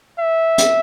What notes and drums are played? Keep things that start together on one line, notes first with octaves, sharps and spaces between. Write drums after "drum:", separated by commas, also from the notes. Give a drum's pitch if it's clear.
E5
drum: hi-hat